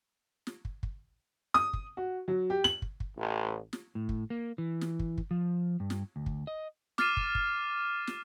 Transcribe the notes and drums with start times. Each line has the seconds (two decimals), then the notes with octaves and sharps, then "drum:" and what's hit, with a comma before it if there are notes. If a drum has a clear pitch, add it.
0.47 drum: snare
0.65 drum: kick
0.83 drum: kick
1.54 D#6, drum: snare
1.73 drum: kick
1.97 F#4
2.28 F#3
2.50 G4
2.64 F#7, drum: snare
2.82 drum: kick
3.00 drum: kick
3.18 A1
3.73 drum: snare
3.95 A2
4.09 drum: kick
4.30 A#3
4.58 E3
4.81 drum: snare
4.99 drum: kick
5.18 drum: kick
5.31 F3
5.80 G2
5.90 drum: snare
6.16 D2
6.26 drum: kick
6.47 D#5
6.98 D6 F6 A6 C7 D#7 E7, drum: snare
7.17 drum: kick
7.35 drum: kick
8.07 drum: snare